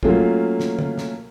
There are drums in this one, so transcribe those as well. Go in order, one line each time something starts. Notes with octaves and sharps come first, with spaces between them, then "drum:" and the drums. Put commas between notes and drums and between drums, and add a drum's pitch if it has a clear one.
F#3 A3 A#3 C#4 F4, drum: kick
drum: snare
drum: tom
drum: snare